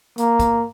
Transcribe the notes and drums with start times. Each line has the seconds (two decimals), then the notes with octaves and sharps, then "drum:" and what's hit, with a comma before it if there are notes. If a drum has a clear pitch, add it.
0.18 A#3, drum: hi-hat
0.40 drum: kick, hi-hat